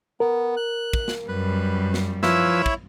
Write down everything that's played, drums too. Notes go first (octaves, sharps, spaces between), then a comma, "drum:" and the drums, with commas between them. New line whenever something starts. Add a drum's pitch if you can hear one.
B3 A#4
F#6
drum: kick
drum: snare
F#2 G3 B4
drum: snare
F3 E4 B4 C#5 E5 E6, drum: snare
drum: kick